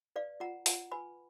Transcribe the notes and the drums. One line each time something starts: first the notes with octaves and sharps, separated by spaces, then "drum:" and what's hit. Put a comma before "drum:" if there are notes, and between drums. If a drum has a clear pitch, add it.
B4 D5 F5
F4 F#5 A#5
F4 F#5 A#5, drum: open hi-hat
B4 G#5 B5